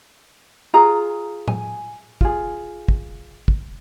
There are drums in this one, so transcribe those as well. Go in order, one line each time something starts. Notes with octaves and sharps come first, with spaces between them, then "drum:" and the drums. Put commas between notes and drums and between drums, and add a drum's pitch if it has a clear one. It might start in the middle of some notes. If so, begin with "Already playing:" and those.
F4 G#4 A#5
G#5, drum: tom A2
F4 G#4, drum: kick
drum: kick
drum: kick